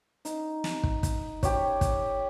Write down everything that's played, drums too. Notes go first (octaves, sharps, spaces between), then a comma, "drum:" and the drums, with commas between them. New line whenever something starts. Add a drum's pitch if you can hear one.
D#4, drum: hi-hat
drum: snare
drum: kick
drum: kick, hi-hat
G4 C#5, drum: kick, hi-hat
drum: kick, hi-hat